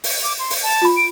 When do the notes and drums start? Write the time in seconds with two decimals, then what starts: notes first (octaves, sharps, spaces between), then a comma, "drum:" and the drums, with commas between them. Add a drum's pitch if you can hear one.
0.04 drum: open hi-hat
0.23 D6
0.39 C6
0.50 drum: open hi-hat
0.63 A5
0.82 F4 B5
0.97 D7